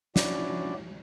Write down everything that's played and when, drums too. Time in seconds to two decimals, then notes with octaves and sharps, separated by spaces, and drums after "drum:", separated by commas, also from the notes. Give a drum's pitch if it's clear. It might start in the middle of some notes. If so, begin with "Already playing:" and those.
0.16 F3 C#4 D4 E4 F#4 D5, drum: snare